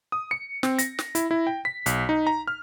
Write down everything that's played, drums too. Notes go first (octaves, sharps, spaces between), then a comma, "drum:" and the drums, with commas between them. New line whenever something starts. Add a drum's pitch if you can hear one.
D#6
C#7
C4, drum: snare
A#6, drum: hi-hat
drum: snare
E4, drum: hi-hat
E4
G5
B6
B1, drum: hi-hat
D#4
A#5
F6